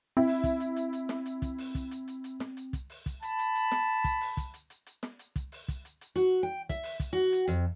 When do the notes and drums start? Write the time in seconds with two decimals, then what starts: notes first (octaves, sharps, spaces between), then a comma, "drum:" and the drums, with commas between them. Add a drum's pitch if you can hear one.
0.17 C4 E4
0.27 drum: open hi-hat
0.44 drum: kick, hi-hat
0.60 drum: hi-hat
0.76 drum: hi-hat
0.93 drum: hi-hat
1.09 drum: snare
1.26 drum: hi-hat
1.42 drum: kick, hi-hat
1.58 drum: open hi-hat
1.75 drum: kick, hi-hat
1.91 drum: hi-hat
2.08 drum: hi-hat
2.24 drum: hi-hat
2.40 drum: snare
2.57 drum: hi-hat
2.73 drum: kick, hi-hat
2.90 drum: open hi-hat
3.06 drum: kick, hi-hat
3.22 A5 B5, drum: hi-hat
3.39 drum: hi-hat
3.55 drum: hi-hat
3.72 drum: snare
4.04 drum: kick, hi-hat
4.21 drum: open hi-hat
4.37 drum: kick, hi-hat
4.54 drum: hi-hat
4.70 drum: hi-hat
4.86 drum: hi-hat
5.03 drum: snare
5.19 drum: hi-hat
5.36 drum: kick, hi-hat
5.52 drum: open hi-hat
5.68 drum: kick, hi-hat
5.85 drum: hi-hat
6.01 drum: hi-hat
6.16 F#4, drum: hi-hat
6.43 G5
6.69 E5, drum: kick, hi-hat
6.83 drum: open hi-hat
7.00 drum: kick, hi-hat
7.13 F#4
7.32 drum: hi-hat
7.48 F2, drum: hi-hat